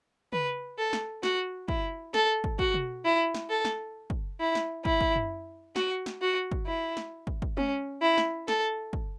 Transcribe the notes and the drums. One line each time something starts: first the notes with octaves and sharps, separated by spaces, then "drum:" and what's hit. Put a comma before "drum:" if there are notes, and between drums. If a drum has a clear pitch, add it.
B4, drum: tom C#3
A4
drum: snare
F#4, drum: snare
E4, drum: kick
A4, drum: snare
drum: kick
F#4, drum: kick
drum: tom B2
E4
drum: snare
A4
drum: snare
drum: kick
E4
drum: snare
E4, drum: kick
drum: kick
drum: tom F#2
F#4, drum: snare
drum: snare
F#4
drum: kick
E4
drum: snare
drum: kick
drum: kick
C#4, drum: tom G#3
E4
drum: snare
A4, drum: snare
drum: kick